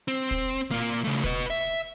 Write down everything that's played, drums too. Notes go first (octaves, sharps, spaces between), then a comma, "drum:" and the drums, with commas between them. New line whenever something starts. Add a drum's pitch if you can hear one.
C4
drum: kick
A#2 A#3
C#3 A3
B4 D#5, drum: kick
E5